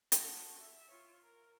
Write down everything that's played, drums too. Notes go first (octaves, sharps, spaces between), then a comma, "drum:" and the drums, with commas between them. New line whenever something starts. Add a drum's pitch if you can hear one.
F#4 A4, drum: hi-hat
E5
F4 C#5
A#4